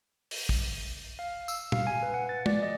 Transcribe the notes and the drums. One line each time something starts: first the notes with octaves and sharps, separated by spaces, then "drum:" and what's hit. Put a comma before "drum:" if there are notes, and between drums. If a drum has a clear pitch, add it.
drum: open hi-hat
drum: kick
F5
E6, drum: tambourine
F5, drum: tom
G#5
B4
F#5
A6
D5, drum: tom
D#5